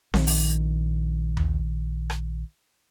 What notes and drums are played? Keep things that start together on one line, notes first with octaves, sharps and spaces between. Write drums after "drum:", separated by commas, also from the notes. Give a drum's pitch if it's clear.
A#1 D#3, drum: snare C4
drum: open hi-hat
drum: tom D#2
drum: rim click